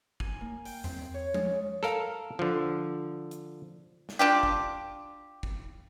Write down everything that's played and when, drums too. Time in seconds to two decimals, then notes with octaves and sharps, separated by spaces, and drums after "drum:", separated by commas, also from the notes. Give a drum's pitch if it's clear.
0.20 G#5, drum: kick
0.41 A#3
0.65 G5, drum: open hi-hat
0.84 C4, drum: tom E2
1.14 C#5
1.34 G#3, drum: tom F3
1.83 A4 A#4 F5, drum: snare
2.39 D3 F3
3.31 drum: hi-hat
4.09 drum: snare
4.19 D4 F4 G4
4.43 drum: kick
5.43 drum: kick